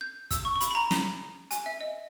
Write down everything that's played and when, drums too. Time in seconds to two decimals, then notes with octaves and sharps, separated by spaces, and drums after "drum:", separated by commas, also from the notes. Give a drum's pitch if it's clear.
0.01 G6
0.31 E6, drum: kick, hi-hat
0.45 C#6
0.56 C#6
0.61 B5, drum: hi-hat
0.71 B5
0.75 A#5
0.91 drum: snare
1.51 G#5, drum: hi-hat
1.66 E5
1.81 D#5